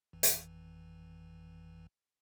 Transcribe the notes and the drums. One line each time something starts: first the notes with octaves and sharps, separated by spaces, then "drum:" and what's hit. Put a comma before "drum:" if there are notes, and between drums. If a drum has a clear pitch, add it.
G#1 F2 E3
drum: hi-hat